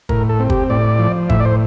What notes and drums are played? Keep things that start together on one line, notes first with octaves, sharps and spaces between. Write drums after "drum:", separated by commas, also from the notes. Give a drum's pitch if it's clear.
A2 A#4, drum: kick
A4
C4
G4, drum: kick
A2 D5
F3
A2 E5, drum: kick
D5
C5